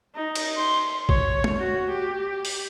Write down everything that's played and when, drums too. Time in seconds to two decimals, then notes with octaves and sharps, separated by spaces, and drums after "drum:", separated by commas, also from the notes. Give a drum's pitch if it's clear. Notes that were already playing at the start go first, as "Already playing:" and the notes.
0.15 D#4
0.35 drum: cymbal
0.57 C6
1.09 C#5, drum: kick A1
1.44 drum: tom G#3
1.59 F#4
1.92 G4
2.45 drum: open hi-hat